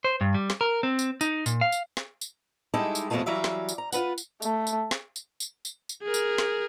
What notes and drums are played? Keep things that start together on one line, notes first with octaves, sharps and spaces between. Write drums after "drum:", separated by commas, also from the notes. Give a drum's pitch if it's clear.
C5
G2
G3
drum: snare
A#4
C4
drum: tambourine
D#4, drum: tambourine
A#2, drum: tambourine
F5
drum: tambourine
drum: snare
drum: tambourine
G3 G#3 D#4 E4 G4 A4
drum: tambourine
F2 B2 G#3 A3 F4 A5
E3 F#3 G3 E5 F5
drum: snare
drum: tambourine
A#5
F4 B4 F#5, drum: tambourine
drum: tambourine
A3, drum: tambourine
drum: tambourine
drum: snare
drum: tambourine
drum: tambourine
drum: tambourine
drum: tambourine
G#4 A#4
drum: tambourine
drum: snare